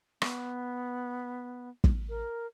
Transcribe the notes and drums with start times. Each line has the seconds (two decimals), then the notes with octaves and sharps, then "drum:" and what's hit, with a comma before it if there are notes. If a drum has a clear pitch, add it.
0.22 B3, drum: rim click
1.84 drum: kick
2.09 A#4